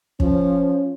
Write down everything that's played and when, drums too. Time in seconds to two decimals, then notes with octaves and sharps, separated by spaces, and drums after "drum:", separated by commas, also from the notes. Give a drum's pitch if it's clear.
0.20 F3 C#4, drum: kick